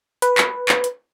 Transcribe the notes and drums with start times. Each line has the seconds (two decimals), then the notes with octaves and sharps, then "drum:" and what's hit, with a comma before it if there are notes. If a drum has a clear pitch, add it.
0.22 B4, drum: hi-hat
0.38 drum: clap
0.69 drum: clap
0.84 drum: hi-hat